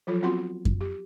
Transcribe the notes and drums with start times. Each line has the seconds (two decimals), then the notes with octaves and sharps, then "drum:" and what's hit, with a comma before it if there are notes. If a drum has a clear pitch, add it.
0.07 F3 F#3 F4 A4
0.22 B3 C4 F4 F#4 F#5 C6
0.65 drum: kick F#2
0.81 G4